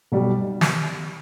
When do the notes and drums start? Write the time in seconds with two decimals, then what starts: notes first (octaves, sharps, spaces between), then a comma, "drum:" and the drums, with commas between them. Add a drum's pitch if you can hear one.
0.12 B1 B2 G3
0.61 drum: snare